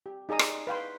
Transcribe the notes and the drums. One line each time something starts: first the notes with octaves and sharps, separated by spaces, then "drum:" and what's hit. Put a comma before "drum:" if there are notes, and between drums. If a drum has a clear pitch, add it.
G4
D#4 G#4 D5 A#5 D#6
drum: rim click
B4 F5 G5 C6